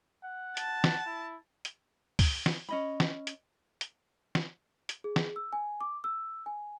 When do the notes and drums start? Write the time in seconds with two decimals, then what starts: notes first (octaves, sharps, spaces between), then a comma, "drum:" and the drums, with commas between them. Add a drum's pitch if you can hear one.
0.24 F#5
0.57 A5, drum: hi-hat
0.84 drum: snare
1.06 E4
1.65 drum: hi-hat
2.19 drum: kick, open hi-hat
2.46 drum: snare
2.69 C#4 D#5 B5
3.00 drum: snare
3.27 drum: hi-hat
3.81 drum: hi-hat
4.35 drum: snare
4.89 drum: hi-hat
5.04 G#4
5.16 drum: snare
5.36 E6
5.53 G#5
5.81 D6
6.04 E6
6.46 G#5